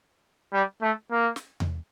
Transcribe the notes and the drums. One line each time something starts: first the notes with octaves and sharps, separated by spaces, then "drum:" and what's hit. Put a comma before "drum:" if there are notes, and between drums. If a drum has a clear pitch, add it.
G3
A3
A#3
drum: snare
drum: tom E2